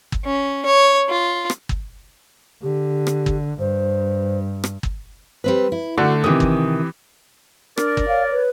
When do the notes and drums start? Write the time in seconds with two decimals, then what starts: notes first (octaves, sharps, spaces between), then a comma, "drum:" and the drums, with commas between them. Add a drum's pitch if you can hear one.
0.12 drum: kick
0.25 C#4
0.66 C#5
1.09 F4
1.50 drum: rim click
1.69 drum: kick
2.63 D3 G4
3.07 drum: rim click
3.26 drum: kick
3.59 G2 C5
4.64 drum: rim click
4.83 drum: kick
5.44 G3 C4 B4
5.72 E4
5.98 D3 A3 D4 F#4
6.24 C3 D#3 E3 G4 D#6
6.40 drum: kick
7.77 D4 A#4 D5, drum: rim click
7.97 drum: kick
8.08 C#5 F5
8.31 B4